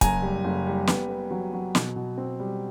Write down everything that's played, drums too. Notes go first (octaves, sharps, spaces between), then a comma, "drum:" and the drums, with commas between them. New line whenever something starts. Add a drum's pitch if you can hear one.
F#1 G#5 A#5, drum: kick, hi-hat
G3
F#1
G3
B3, drum: snare
B3
F#3
F#3
B2, drum: snare
B2
C4
G3